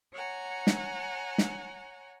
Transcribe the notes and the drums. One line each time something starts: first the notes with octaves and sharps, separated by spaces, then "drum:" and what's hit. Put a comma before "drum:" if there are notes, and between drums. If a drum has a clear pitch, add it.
C#5 F#5 G#5 A#5
drum: snare
drum: snare